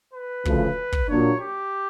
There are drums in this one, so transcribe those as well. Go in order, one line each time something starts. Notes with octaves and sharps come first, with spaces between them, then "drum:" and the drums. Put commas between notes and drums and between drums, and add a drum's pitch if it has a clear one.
B4
D2 C#3 F3 A3, drum: kick
drum: kick
A#2 F#3 A#3 D4 C#5
G4